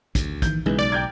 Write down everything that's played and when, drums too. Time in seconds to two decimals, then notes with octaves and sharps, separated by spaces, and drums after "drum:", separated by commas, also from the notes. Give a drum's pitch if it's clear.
0.15 D2, drum: kick, hi-hat
0.42 D#3 E3 G6, drum: kick, hi-hat
0.66 B1 C#3 E3 G#3 D#4
0.79 D5 F#7
0.92 G5 A#5 F6 G6 G#6